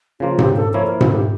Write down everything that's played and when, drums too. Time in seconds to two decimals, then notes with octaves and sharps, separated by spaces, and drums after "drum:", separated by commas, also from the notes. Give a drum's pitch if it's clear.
0.20 C#3 F3 A#3 F4
0.38 G4, drum: tom G#2
0.56 A4
0.73 F3 A#3 E4 C#5
0.87 A#4
1.01 A4, drum: tom G#2
1.13 G4